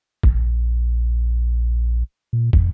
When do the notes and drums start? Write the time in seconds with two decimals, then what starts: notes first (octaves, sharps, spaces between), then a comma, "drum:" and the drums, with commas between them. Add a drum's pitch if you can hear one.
0.23 A#1, drum: kick
2.33 A#2
2.53 F2, drum: kick